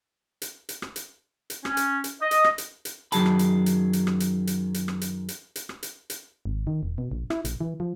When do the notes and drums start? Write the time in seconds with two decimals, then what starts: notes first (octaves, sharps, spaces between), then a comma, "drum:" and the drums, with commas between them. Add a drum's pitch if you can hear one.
0.42 drum: hi-hat
0.69 drum: hi-hat
0.82 drum: rim click
0.96 drum: hi-hat
1.50 drum: hi-hat
1.65 C#4, drum: rim click
1.77 drum: hi-hat
2.04 drum: hi-hat
2.22 D#5
2.31 drum: hi-hat
2.44 drum: rim click
2.58 drum: hi-hat
2.85 drum: hi-hat
3.12 F#2 D#3 F#3 G#4 A5 B5, drum: hi-hat
3.26 drum: rim click
3.39 drum: hi-hat
3.66 drum: hi-hat
3.93 drum: hi-hat
4.07 drum: rim click
4.20 drum: hi-hat
4.47 drum: hi-hat
4.74 drum: hi-hat
4.88 drum: rim click
5.01 drum: hi-hat
5.28 drum: hi-hat
5.56 drum: hi-hat
5.69 drum: rim click
5.83 drum: hi-hat
6.10 drum: hi-hat
6.45 G#1
6.67 D#3
6.83 E1
6.98 B2
7.12 A#1
7.30 E4, drum: rim click
7.45 A#1, drum: hi-hat
7.61 E3
7.80 F3